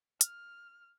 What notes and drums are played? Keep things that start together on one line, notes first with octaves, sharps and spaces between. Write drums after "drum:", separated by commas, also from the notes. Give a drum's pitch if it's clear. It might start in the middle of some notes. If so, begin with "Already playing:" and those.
F6, drum: hi-hat